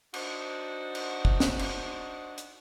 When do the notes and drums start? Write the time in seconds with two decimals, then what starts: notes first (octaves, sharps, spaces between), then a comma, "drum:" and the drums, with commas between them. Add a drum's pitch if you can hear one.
0.14 D4 D#4 F#4 C5, drum: cymbal
0.95 drum: cymbal
1.25 drum: kick
1.40 drum: snare
1.59 drum: cymbal
2.38 drum: hi-hat